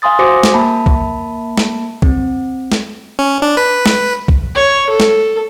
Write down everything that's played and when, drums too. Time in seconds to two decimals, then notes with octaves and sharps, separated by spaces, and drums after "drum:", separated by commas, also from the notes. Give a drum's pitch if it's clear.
0.02 F5 G#5 C6 D#6 A6
0.19 F#4 C5 G#5 D6 A#6 C#7
0.43 drum: snare
0.54 A#3 A5 B5
0.86 drum: kick
1.58 drum: snare
2.02 C4, drum: kick
2.72 drum: snare
3.19 C#4
3.42 D4
3.57 B4
3.86 drum: snare
4.28 drum: kick
4.55 C#5
4.90 A4
5.00 drum: snare